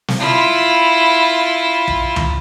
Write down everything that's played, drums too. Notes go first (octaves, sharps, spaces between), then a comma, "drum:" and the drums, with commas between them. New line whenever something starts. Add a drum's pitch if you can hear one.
drum: snare
E4 F4
drum: kick
drum: tom C#2